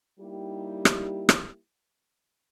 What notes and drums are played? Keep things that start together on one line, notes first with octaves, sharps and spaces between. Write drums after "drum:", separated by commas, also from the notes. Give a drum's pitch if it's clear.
G3 A#3 D#4 E4 G4
drum: rim click
drum: rim click